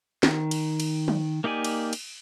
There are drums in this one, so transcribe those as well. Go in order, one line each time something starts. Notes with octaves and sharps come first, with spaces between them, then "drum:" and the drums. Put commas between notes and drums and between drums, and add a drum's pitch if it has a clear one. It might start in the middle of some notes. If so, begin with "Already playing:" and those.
D#3, drum: snare
drum: cymbal
drum: cymbal
drum: tom
A#3 D#4 G4 D5 G#5
drum: cymbal
drum: cymbal